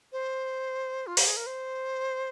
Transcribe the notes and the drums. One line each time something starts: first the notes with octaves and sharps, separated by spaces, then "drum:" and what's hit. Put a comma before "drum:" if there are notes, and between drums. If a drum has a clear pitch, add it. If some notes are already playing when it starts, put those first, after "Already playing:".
C5
F4
G4, drum: open hi-hat
G#4
A#4
C5